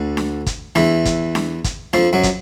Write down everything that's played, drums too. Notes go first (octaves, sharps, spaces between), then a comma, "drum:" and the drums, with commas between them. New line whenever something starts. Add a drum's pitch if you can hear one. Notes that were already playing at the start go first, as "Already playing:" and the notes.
Already playing: D2 D3
drum: snare D4
drum: kick, hi-hat
E2 E3, drum: snare D4
drum: kick, hi-hat
drum: snare D4
drum: kick, hi-hat
F2 F3, drum: snare D4
F#2 F#3
drum: kick, hi-hat